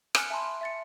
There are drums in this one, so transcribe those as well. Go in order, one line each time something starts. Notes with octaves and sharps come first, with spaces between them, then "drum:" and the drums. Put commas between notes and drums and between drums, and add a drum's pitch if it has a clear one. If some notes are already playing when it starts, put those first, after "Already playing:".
G#5 F6 F#6 C#7, drum: rim click
E5 G#5 A5 B5 C6
E5 A6 C#7